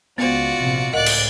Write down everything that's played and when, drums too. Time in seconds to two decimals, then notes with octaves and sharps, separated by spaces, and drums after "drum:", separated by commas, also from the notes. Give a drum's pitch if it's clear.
0.18 C#2 B3 F4 F#4 C5 D5 C#7
0.58 A#1 C3
0.93 C#2 A2 A#4 D5 D#5 F#5 F#6
1.06 drum: cymbal